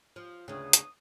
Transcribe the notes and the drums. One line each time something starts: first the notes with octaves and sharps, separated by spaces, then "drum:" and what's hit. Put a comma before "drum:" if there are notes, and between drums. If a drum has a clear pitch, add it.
F3
D2 C#3 B3 C#5 D#6
drum: hi-hat